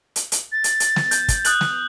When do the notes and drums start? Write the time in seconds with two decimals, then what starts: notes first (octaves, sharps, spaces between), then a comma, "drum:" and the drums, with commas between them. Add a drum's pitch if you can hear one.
0.16 drum: hi-hat
0.32 drum: hi-hat
0.52 A6
0.64 drum: hi-hat
0.80 drum: hi-hat
0.96 drum: snare
1.11 G6, drum: hi-hat
1.28 drum: kick, hi-hat
1.45 D#6 F#6 F#7, drum: hi-hat
1.61 drum: snare